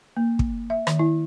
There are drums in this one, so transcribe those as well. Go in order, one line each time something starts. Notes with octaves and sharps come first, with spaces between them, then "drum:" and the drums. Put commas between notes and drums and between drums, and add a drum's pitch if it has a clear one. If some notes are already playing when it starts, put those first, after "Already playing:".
A#3
drum: kick
E5
D#3, drum: rim click
E4